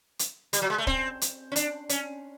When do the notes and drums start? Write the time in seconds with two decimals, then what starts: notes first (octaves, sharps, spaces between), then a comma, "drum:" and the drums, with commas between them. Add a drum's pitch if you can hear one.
0.19 drum: hi-hat
0.53 G3, drum: hi-hat
0.62 F#3
0.70 G#3
0.78 A3
0.87 C4, drum: kick
1.21 drum: hi-hat
1.52 C#4
1.56 D4, drum: hi-hat
1.89 C#4, drum: hi-hat